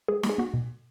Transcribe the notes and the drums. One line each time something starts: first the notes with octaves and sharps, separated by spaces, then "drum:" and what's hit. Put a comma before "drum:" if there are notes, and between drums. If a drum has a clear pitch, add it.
G#3 G#4
G#3, drum: snare
G#4
B3 F#4
B2